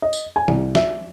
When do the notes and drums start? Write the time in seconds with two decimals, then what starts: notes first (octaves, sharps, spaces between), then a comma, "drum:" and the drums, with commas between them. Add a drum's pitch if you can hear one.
0.02 D#5
0.13 drum: tambourine
0.36 G#5
0.48 C2, drum: tom D#3
0.75 E5, drum: snare